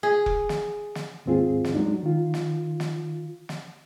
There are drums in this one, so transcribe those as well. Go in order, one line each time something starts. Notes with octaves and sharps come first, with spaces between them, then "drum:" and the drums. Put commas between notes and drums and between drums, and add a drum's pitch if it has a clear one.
G#4
drum: kick F1
drum: snare
drum: snare
D#2 G#2 C4 F4 G#4
drum: snare
F#3 G#3 D4 D#4
D#3 F4
drum: snare
drum: snare
drum: snare